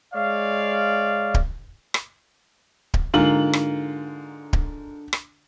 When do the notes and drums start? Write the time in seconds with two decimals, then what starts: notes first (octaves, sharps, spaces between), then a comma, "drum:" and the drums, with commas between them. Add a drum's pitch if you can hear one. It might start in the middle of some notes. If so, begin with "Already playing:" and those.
0.13 G#3 C#5 D5 F5
1.34 drum: kick D1
1.94 drum: rim click
2.94 drum: kick D1
3.14 G#2 D3 A#3 F4 F#7
3.53 drum: rim click
4.53 drum: kick D1
5.13 drum: rim click